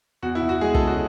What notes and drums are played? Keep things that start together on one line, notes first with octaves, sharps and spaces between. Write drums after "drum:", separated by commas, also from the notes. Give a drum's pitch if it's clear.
E2 F#4
E4
E2
F#4
G#3 G#4
A4, drum: kick
C#3
F#4